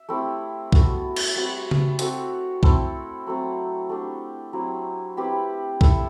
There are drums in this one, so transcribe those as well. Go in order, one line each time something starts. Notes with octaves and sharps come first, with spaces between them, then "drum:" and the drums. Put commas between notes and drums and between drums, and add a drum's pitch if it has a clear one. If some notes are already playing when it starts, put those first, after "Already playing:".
Already playing: E5
A3 C4 E4 G4
B3 F#4 A4, drum: kick B1
drum: cymbal
G3 C4 F#4
drum: tom C#3
C4 F#4 A4, drum: hi-hat
A3 C4 E4 A4, drum: kick B1
F#3 A3 C4
A3 D4 G4
F#3 C4 E4 G4
C4 E4 G4 B4
E4 A4 E5, drum: kick B1